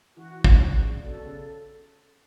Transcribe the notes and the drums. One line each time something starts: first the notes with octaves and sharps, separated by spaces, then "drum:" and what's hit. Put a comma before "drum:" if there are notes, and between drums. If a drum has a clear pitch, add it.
E3 F#4
D3 F#4, drum: kick
C#3 D5
B2 A4
C#3